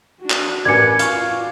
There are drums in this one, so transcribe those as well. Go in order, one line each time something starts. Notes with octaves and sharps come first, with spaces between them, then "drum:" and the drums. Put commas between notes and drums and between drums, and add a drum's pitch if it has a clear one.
D4 F#4
drum: clap
A1 A#4 B4 D5 G#5 D6 G#6 C#7
F4 F#4 F5 C#6, drum: hi-hat